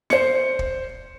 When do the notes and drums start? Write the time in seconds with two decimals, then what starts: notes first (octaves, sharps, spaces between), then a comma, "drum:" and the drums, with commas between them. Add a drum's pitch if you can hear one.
0.10 C5 C#7, drum: snare
0.59 drum: kick